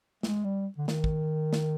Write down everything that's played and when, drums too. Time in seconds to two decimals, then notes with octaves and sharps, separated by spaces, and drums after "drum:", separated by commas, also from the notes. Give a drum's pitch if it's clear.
0.23 G#3, drum: snare
0.44 G3
0.78 D3
0.88 D#3, drum: snare
1.04 drum: kick
1.53 drum: snare